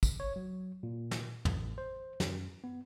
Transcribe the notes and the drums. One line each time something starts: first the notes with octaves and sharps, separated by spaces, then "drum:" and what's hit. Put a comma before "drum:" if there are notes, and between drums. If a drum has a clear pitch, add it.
drum: kick, tambourine
C#5
F#3
A#2
drum: snare
A1, drum: tom
C5
F#2, drum: snare
B3